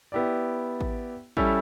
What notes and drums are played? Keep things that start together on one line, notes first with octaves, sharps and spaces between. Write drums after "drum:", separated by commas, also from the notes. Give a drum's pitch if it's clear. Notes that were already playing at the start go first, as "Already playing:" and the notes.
B3 E4 G4 D5
drum: kick A1
G3 C#4 E4 A4, drum: kick A1